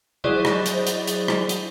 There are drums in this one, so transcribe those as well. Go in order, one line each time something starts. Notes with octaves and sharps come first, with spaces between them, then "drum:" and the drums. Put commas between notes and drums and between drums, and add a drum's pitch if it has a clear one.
F#3 E4 G#4 C5 D5 D#5
drum: rim click
drum: hi-hat
drum: hi-hat
drum: hi-hat
drum: rim click
drum: hi-hat